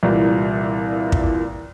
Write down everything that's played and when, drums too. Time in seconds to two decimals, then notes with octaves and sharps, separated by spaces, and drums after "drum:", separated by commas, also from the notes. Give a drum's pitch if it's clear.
0.03 C2 A#2 E3 G3
1.12 drum: kick